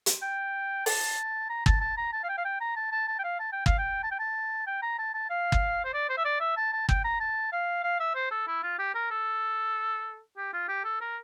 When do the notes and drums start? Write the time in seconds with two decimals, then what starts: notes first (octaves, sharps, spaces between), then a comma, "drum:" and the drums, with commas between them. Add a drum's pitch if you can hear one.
0.06 drum: hi-hat
0.22 G5
0.86 A5, drum: open hi-hat
1.49 A#5
1.66 A5, drum: kick
1.81 A5
1.97 A#5
2.13 A5
2.24 F5
2.29 G5
2.38 F5
2.45 G5
2.61 A#5
2.76 A5
2.92 A5
3.08 A5
3.19 G5
3.24 F5
3.40 A5
3.53 G5
3.66 F5, drum: kick
3.78 G5
4.04 A5
4.11 G5
4.20 A5
4.67 G5
4.82 A#5
4.98 A5
5.14 A5
5.30 F5
5.52 drum: kick
5.85 C5
5.94 D5
6.09 C5
6.18 E5
6.25 D5
6.40 E5
6.57 A5
6.73 A5
6.89 G5, drum: kick
7.04 A#5
7.20 A5
7.53 F5
7.84 F5
8.00 E5
8.15 C5
8.31 A4
8.47 E4
8.63 F4
8.79 G4
8.94 A#4
9.11 A4
10.37 G4
10.53 F4
10.68 G4
10.85 A4
11.01 A#4